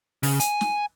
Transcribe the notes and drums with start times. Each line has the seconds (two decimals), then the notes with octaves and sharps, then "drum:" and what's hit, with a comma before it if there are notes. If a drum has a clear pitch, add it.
0.23 C#3, drum: open hi-hat
0.40 G#5, drum: hi-hat
0.61 drum: snare